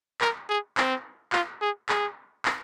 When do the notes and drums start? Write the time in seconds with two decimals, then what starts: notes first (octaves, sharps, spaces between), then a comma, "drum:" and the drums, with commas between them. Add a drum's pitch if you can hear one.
0.21 A#4, drum: clap
0.49 G#4
0.78 C4, drum: clap
1.33 F4, drum: clap
1.62 G#4
1.89 G#4, drum: clap
2.45 drum: clap